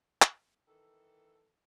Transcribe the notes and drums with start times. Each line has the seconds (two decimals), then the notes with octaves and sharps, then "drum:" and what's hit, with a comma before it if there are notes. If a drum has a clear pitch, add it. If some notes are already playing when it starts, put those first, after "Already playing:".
0.22 drum: clap
0.68 D#3 E3 A4